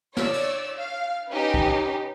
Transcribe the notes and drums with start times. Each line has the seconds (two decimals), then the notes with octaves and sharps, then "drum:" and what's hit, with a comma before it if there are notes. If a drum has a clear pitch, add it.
0.17 C#5 D5 E6, drum: snare
0.34 drum: cymbal
0.77 F5
1.31 C#4 D#4 G4 B4
1.54 drum: kick